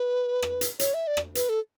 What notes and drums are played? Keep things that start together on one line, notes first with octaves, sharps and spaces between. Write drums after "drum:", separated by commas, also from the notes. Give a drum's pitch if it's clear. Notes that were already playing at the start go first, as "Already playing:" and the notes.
Already playing: B4
drum: rim click
drum: hi-hat
C#5, drum: hi-hat
E5
D5
drum: rim click
B4, drum: hi-hat
A4